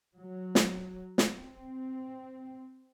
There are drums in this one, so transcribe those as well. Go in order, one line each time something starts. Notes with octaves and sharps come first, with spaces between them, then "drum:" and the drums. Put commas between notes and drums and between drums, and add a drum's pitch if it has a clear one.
F#3
drum: snare
drum: snare
C4